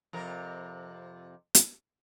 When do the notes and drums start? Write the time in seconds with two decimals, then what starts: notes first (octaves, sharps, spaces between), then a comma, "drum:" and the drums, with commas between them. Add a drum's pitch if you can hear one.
0.13 F2 C3 A#4
1.55 drum: hi-hat